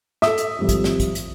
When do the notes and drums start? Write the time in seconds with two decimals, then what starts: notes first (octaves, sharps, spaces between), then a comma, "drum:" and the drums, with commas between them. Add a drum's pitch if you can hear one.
0.22 A4 E5 D#6, drum: snare
0.38 drum: hi-hat
0.59 G#1 F2 G3
0.69 drum: kick, hi-hat
0.84 drum: snare
1.00 drum: kick, hi-hat
1.15 drum: hi-hat